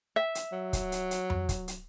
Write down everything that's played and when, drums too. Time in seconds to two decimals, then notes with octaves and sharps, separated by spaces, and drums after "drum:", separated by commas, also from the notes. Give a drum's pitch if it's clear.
0.16 E5
0.35 drum: hi-hat
0.52 F#3
0.73 drum: kick, hi-hat
0.92 drum: hi-hat
1.11 drum: hi-hat
1.30 drum: tom F2
1.49 drum: kick, hi-hat
1.68 drum: hi-hat